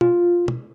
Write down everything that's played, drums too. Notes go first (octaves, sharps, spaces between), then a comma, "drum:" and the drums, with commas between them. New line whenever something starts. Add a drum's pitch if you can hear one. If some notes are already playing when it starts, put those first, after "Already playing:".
F4, drum: tom
drum: tom